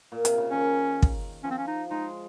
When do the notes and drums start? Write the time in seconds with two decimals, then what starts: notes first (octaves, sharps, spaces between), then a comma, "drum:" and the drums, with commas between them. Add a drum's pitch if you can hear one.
0.12 A#2
0.25 C3, drum: hi-hat
0.38 C#3
0.50 D#3 C#4
1.02 drum: kick
1.44 F3 C#4
1.51 C4
1.58 C#4
1.67 D#4
1.90 G#3 D#4